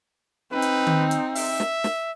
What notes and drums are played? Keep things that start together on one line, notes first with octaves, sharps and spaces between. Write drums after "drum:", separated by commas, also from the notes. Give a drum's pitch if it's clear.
C4 D#4 B4
drum: hi-hat
drum: tom D#3
drum: hi-hat
E5, drum: open hi-hat
drum: snare
drum: snare